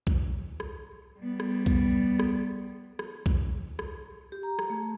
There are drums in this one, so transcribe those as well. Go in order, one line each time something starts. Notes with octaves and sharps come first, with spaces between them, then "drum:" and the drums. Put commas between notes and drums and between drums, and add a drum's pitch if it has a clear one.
drum: kick B1
drum: rim click
G3 B3
drum: rim click
drum: kick B1
drum: rim click
drum: rim click
drum: kick B1
drum: rim click
G4
A#5
drum: rim click
A3